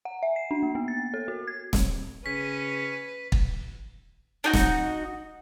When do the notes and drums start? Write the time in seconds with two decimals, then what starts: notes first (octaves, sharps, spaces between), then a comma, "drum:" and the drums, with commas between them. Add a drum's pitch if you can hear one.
0.05 F#5
0.23 E5
0.36 C7
0.51 D4
0.63 A#3
0.75 B3
0.88 A6
1.14 A4
1.28 F#4
1.47 G#6
1.73 drum: snare
2.26 C#3 C#4 B4 B6
3.32 drum: kick
4.44 D4 D#4 F#4
4.53 drum: snare